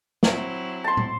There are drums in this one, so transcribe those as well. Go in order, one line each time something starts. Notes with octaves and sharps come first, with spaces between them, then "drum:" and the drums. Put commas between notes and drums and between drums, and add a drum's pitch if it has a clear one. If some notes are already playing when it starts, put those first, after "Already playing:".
F#3 C4 E4, drum: snare
A5 C6
drum: tom